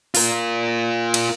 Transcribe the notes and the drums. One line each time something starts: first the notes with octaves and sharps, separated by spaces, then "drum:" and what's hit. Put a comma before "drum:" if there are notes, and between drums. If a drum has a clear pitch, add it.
F4 A#4, drum: open hi-hat
drum: cymbal